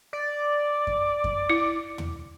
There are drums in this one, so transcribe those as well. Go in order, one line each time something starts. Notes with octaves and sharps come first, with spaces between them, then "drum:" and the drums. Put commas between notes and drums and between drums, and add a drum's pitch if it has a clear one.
D5
drum: kick F#2
drum: kick F#2
E4
drum: tom